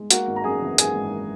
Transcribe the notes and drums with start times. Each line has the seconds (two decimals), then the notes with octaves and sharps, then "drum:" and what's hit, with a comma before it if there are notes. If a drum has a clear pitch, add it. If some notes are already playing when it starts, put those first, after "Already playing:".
Already playing: G#3
0.11 A#3 F#4 F#5, drum: hi-hat
0.27 G#1
0.36 A#5
0.44 F#2 G#4 G#5
0.62 E3
0.78 A#3 G#4 G#5, drum: hi-hat
0.95 G#1